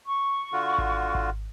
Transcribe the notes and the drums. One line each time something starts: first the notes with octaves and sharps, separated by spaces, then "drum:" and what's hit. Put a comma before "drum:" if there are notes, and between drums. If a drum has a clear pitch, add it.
C#6
D3 F4 F#4
drum: kick G#1
drum: kick G#1